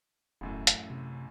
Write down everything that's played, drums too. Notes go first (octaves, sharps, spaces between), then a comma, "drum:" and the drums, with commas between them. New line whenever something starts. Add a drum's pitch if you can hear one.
E1 A1 F#2 A2
drum: hi-hat
C3